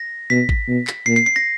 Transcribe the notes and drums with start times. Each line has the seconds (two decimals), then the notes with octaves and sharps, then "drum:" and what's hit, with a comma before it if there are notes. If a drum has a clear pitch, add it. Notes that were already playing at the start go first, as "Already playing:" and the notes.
Already playing: A#6
0.30 B2 B6
0.49 drum: kick
0.68 B2
0.87 drum: clap
1.06 A#2 C7
1.16 C7
1.26 C7
1.36 A#6